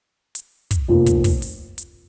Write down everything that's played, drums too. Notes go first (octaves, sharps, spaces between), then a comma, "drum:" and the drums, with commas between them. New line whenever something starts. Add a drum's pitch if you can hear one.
drum: hi-hat
drum: kick, hi-hat
F1 F2 F3 A#3
drum: kick, hi-hat
drum: kick, open hi-hat
drum: open hi-hat
drum: hi-hat